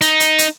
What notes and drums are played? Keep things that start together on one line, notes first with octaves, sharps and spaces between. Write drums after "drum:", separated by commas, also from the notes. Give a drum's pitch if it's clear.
D#4, drum: hi-hat
drum: hi-hat
drum: hi-hat